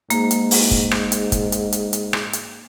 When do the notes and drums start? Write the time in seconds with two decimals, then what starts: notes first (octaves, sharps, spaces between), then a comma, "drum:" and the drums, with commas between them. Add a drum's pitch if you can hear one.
0.10 G#2 A#3, drum: hi-hat
0.31 drum: hi-hat
0.51 drum: open hi-hat
0.71 drum: kick
0.91 drum: rim click
1.12 drum: hi-hat
1.32 drum: kick, hi-hat
1.52 drum: hi-hat
1.73 drum: hi-hat
1.93 drum: hi-hat
2.13 drum: rim click
2.33 drum: hi-hat